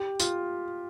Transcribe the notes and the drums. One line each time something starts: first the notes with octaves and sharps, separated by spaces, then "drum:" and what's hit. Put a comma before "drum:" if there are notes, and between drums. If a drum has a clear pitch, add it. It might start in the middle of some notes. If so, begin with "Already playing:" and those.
Already playing: G4
F4, drum: tambourine